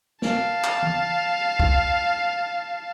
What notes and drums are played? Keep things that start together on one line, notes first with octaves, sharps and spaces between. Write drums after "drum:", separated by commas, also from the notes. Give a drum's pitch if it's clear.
F5 A5, drum: snare
drum: clap
drum: tom E3
drum: kick